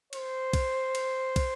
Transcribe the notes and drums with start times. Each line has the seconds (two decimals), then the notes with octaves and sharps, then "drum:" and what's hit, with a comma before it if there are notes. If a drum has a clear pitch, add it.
0.13 C5, drum: cymbal
0.53 drum: kick, cymbal
0.95 drum: cymbal
1.36 drum: kick, cymbal